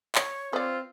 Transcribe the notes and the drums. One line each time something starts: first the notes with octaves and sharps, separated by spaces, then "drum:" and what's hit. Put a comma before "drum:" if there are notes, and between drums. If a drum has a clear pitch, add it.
C#5, drum: clap
C4 F4 B4 D5